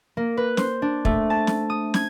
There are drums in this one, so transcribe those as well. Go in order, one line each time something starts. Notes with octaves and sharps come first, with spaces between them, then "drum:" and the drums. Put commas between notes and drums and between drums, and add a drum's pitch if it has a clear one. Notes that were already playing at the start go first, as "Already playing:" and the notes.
A#3
B4
C5, drum: snare
D4
A3, drum: kick
A5
drum: snare
D#6
G#6, drum: snare